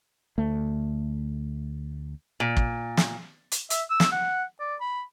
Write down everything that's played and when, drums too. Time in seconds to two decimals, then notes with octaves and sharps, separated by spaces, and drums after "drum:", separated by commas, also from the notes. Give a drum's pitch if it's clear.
0.38 D2 A3
2.40 A#2
2.57 drum: kick
2.97 drum: snare
3.52 drum: hi-hat
3.70 E5, drum: hi-hat
3.90 E6
4.00 drum: snare
4.12 F#5
4.60 D5
4.81 B5